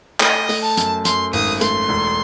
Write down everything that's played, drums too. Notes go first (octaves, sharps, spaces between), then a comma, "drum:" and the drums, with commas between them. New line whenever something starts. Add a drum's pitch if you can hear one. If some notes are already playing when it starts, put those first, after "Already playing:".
A3 D#5, drum: clap
A3, drum: open hi-hat
A5
F#2, drum: hi-hat
F#2 C6, drum: hi-hat
G#1 D#6, drum: open hi-hat
A3 C6, drum: hi-hat
E1